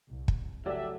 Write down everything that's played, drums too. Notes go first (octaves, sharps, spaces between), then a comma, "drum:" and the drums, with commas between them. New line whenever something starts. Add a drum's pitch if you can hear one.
C2
drum: kick
C#3 F3 F#3 A3 G4 D5 E5